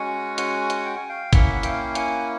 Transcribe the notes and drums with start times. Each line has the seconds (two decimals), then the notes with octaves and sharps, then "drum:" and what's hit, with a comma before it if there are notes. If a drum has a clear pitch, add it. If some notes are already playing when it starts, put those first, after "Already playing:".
Already playing: G#3 C#4 F#4 F#5 G#5
0.38 F#5 G#5, drum: hi-hat
0.70 drum: hi-hat
0.85 G5
0.97 G#5
1.09 F5 G5
1.33 A#3 C#4 E4 E5 F#5, drum: kick, hi-hat
1.55 F#5
1.63 F5 G5, drum: hi-hat
1.95 F#5 G#5, drum: hi-hat